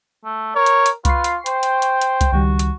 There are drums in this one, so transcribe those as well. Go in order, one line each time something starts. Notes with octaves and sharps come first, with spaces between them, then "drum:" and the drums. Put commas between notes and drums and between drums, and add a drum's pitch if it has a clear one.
A3
A#4 C#5
drum: hi-hat
drum: hi-hat
F4 B4 C#6 C7, drum: kick C2, hi-hat
drum: hi-hat
C5 G5, drum: hi-hat
drum: hi-hat
drum: hi-hat
drum: hi-hat
drum: kick C2, hi-hat
C#2 D#3 G3 F#4
drum: hi-hat